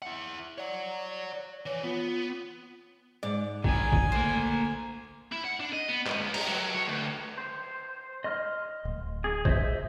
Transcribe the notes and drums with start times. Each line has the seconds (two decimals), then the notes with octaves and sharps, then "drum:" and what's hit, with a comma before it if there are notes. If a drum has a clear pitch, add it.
0.02 E4 F#5
0.58 C#5 D5 F#5
1.66 E3 C#5
1.83 B3 F4
3.23 G#2 D5
3.64 D#3 G#4 G#5, drum: kick
3.92 drum: kick
4.12 D2 A#3 C5
5.32 E4
5.44 F#5
5.60 D4
5.73 D#5
5.89 B3
6.07 G#2, drum: clap
6.21 C#2
6.34 A#5, drum: cymbal
6.48 F#3
6.74 C#5
6.88 D2
7.38 C5
8.24 D#5 C6 F6
8.85 D1
9.24 G#4
9.45 C5 D#5 E5, drum: kick